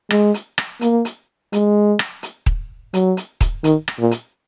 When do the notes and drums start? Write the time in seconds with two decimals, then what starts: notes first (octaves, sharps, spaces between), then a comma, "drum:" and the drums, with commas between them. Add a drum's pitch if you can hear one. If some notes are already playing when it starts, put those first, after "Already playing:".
0.10 G#3, drum: rim click
0.34 drum: hi-hat
0.58 drum: rim click
0.81 A#3, drum: hi-hat
1.05 drum: hi-hat
1.53 G#3, drum: hi-hat
1.99 drum: rim click
2.23 drum: hi-hat
2.46 drum: kick D#1
2.94 F#3, drum: hi-hat
3.17 drum: hi-hat
3.41 drum: kick D#1, hi-hat
3.64 D#3, drum: hi-hat
3.88 drum: rim click
3.99 A#2
4.11 drum: hi-hat